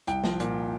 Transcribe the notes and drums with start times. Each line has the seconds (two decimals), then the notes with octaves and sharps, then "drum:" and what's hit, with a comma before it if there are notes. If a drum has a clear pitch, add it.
0.07 C2 G5, drum: hi-hat
0.24 F3, drum: snare
0.40 A#2, drum: hi-hat